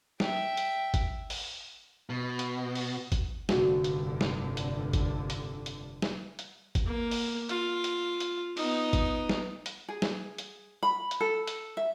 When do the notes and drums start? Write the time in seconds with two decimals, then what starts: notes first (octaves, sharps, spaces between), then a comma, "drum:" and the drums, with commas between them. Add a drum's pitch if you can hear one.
0.20 E5 G5, drum: snare
0.57 drum: hi-hat
0.94 drum: kick G1, hi-hat
1.30 drum: open hi-hat
2.10 B2
2.39 drum: hi-hat
2.75 drum: open hi-hat
3.12 drum: kick G1, hi-hat
3.49 F1 G2 D3 A3 F#4, drum: snare
3.84 drum: hi-hat
4.21 drum: snare
4.57 drum: hi-hat
4.93 drum: kick G1, hi-hat
5.30 drum: hi-hat
5.66 drum: hi-hat
6.02 drum: snare
6.39 drum: hi-hat
6.75 drum: kick G1, hi-hat
6.86 A#3
7.11 drum: open hi-hat
7.49 F4, drum: hi-hat
7.84 drum: hi-hat
8.20 drum: hi-hat
8.57 B3 D#4, drum: open hi-hat
8.93 drum: kick G1, hi-hat
9.29 drum: snare
9.66 drum: hi-hat
9.88 G#4
10.02 drum: snare
10.38 drum: hi-hat
10.83 B5
11.11 drum: hi-hat
11.20 A4
11.47 drum: hi-hat
11.77 E5